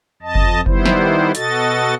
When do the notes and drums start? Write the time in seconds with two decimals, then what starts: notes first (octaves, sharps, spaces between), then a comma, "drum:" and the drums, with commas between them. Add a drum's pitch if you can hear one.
0.22 F2 D#5 A5
0.35 drum: kick F#1
0.66 D#3 G3 B3 E4 C5, drum: kick F#1
0.86 drum: snare
1.35 B2 F#4 A4 D#5 A6, drum: hi-hat